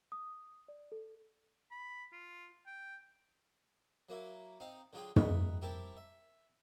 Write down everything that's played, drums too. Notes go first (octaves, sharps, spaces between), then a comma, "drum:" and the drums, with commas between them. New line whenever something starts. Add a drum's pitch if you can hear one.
D#6
D5
A4
B5
F4
G5
F#3 A#3 E4
C4 D#4 F5
D3 F#3 F4 G#4 G5
A#4 B4 D#5 E5 F#5 G5, drum: tom
C4 E4 G4 A#4 G5 A5
E5